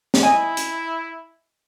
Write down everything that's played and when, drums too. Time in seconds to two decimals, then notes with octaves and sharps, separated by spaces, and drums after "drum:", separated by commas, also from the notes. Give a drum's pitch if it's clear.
0.14 drum: snare
0.23 E4 D#5 G#5
0.57 drum: hi-hat